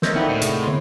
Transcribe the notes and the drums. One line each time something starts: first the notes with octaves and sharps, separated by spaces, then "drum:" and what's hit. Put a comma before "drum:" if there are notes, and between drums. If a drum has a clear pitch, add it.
C4 C#4 A#4 D#5 E5, drum: snare
D2 B3 D#4 E4 E5 G5
A2 G6 D#7 F7
C3 G#4, drum: hi-hat
D3 C6